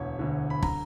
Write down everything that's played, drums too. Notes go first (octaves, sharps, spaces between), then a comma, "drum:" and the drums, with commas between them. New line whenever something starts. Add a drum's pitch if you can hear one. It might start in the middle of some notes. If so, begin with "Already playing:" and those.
Already playing: E1 D2 D3 C#5
E1 D2 D3
B5
D3 A#5, drum: kick